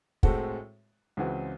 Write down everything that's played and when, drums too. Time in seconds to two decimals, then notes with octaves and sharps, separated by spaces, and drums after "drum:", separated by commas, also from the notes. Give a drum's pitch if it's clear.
0.23 A2 G#3 C4 F#4 A4, drum: kick
1.17 C#2 C#3 E3 C4 F#4